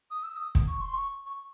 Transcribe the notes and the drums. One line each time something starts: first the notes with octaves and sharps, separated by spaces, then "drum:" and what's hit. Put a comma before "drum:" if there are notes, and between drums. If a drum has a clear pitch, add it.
D#6
E6
D#6
drum: kick
C#6
C6
C#6
C#6